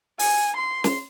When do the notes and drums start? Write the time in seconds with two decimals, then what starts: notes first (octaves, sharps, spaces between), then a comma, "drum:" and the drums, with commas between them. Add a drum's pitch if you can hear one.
0.19 G#5, drum: open hi-hat
0.56 C6
0.84 drum: snare